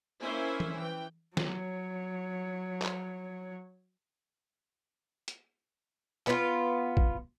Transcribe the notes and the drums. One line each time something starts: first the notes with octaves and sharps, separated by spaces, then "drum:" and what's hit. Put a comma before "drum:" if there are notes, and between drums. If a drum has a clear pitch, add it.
A#3 C#4 E4 C5 E5 G#5
drum: tom E3
E3 G5
F#3 C#5, drum: snare
drum: clap
drum: hi-hat
B3 F4, drum: clap
drum: kick